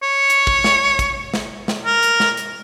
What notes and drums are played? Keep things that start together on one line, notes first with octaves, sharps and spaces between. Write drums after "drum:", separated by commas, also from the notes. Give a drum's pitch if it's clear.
C#5
drum: hi-hat
drum: kick
drum: snare
drum: kick, hi-hat
drum: snare
drum: snare
A#4
drum: hi-hat
drum: snare
drum: hi-hat